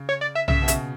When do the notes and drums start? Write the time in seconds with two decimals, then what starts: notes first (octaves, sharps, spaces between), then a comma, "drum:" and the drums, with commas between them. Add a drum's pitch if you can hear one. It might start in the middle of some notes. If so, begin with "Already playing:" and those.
Already playing: C#3
0.09 C#5
0.21 D5
0.35 E5
0.48 C#3 E5, drum: tom B1
0.62 B2
0.68 C#3, drum: hi-hat